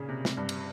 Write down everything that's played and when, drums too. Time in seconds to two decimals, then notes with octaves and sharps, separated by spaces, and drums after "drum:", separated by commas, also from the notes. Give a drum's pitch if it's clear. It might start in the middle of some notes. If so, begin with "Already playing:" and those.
Already playing: A#2 C#3
0.09 C3
0.25 C3, drum: snare
0.37 G2
0.49 drum: cymbal